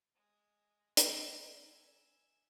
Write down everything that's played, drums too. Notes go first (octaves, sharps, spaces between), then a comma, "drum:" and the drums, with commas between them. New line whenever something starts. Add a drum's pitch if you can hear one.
G#3 D#6
A4, drum: hi-hat
E5 G#5